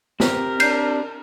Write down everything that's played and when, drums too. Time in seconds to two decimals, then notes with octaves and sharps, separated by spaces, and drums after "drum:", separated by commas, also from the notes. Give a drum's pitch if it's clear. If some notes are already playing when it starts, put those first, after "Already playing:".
0.20 C4 G4 A#4, drum: snare
0.60 D4 G6 C7, drum: cymbal